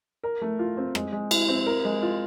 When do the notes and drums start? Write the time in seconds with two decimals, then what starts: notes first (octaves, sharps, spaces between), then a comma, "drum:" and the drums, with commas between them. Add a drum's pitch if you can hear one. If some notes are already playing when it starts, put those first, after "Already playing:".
0.23 A#4
0.41 A3
0.59 F4
0.77 C4
0.95 G#3, drum: rim click
1.12 G#3
1.31 E4, drum: cymbal
1.48 C4
1.66 A#4
1.85 G#3
2.02 F4